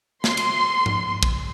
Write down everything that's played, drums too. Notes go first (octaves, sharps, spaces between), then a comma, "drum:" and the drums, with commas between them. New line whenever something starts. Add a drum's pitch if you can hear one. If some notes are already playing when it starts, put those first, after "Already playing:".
C6, drum: snare
drum: cymbal
drum: tom G#2
drum: kick